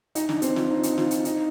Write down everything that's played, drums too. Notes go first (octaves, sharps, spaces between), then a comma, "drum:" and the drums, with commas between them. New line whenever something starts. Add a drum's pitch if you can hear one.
D#4, drum: hi-hat
D4, drum: snare
C4, drum: hi-hat
F4, drum: snare
D#4
drum: hi-hat
F4, drum: snare
drum: hi-hat
D#4, drum: hi-hat